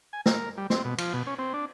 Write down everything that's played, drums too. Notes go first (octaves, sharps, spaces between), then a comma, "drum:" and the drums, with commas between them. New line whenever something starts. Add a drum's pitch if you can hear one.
G#5
A#4, drum: snare
G3
C4, drum: snare
B2
F3, drum: cymbal
B2
C#4
C4
D4